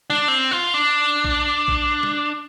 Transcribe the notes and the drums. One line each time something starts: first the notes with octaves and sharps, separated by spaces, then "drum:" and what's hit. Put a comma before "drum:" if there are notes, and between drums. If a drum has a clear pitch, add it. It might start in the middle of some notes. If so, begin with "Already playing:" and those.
D4, drum: snare
C4
F4
D4
drum: kick A1
drum: kick A1
drum: snare